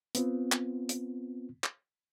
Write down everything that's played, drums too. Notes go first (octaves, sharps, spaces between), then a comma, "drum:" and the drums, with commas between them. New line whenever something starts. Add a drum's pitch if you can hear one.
B3 C4 F4, drum: hi-hat
drum: clap
drum: hi-hat
drum: clap